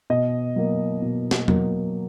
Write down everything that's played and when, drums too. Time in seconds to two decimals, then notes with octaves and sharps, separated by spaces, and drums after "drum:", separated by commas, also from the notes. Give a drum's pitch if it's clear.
0.10 B2 D#5
0.56 F#3 A#3
1.02 B2
1.31 drum: snare
1.48 F#3 A#3, drum: tom